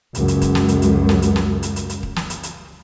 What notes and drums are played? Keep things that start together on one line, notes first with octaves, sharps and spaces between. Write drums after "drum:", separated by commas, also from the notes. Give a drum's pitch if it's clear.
C#2 F#2, drum: hi-hat
drum: hi-hat
drum: kick D#1, hi-hat
drum: snare
drum: hi-hat
drum: hi-hat
drum: snare
drum: hi-hat
drum: snare
drum: hi-hat
drum: hi-hat
drum: hi-hat
drum: kick D#1
drum: snare
drum: hi-hat
drum: hi-hat